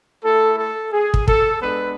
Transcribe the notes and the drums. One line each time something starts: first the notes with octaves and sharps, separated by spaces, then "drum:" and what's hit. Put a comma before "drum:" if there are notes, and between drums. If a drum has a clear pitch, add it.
A3 E4 A4
A4
G#4
drum: kick
A4, drum: kick
G#3 B3 D4 B4